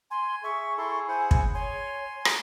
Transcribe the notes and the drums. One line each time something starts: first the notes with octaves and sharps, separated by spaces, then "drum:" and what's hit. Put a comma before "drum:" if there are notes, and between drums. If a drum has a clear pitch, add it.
G#5 C6
G#4 E5 C#6
E4 A4 C6
E4 C5 F#5 G#5
drum: kick
C#5 G#5 C6
drum: rim click